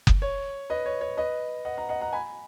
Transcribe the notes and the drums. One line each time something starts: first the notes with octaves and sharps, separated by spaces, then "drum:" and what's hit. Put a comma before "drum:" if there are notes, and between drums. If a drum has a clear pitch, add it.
drum: kick F#1
C#5
B4 D#5
C#5
C#5
B4 D#5
D#5 F#5
F#5 A#5
D#5 F#5
F#5 A#5
G#5 B5